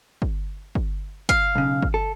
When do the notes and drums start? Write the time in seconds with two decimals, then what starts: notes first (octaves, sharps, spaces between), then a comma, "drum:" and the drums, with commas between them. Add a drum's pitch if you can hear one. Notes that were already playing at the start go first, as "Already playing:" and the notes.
0.22 drum: kick
0.75 drum: kick
1.29 F5, drum: kick
1.55 B1 C#3
1.83 drum: kick
1.94 A4